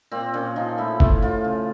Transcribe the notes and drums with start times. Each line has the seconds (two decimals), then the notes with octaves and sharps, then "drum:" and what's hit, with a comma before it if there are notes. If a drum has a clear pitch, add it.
0.12 A#2 C4
0.34 A#2 C#4
0.56 F3 D#4
0.78 A2 E4
1.00 A2 F4, drum: kick
1.22 A2 F4
1.44 C#3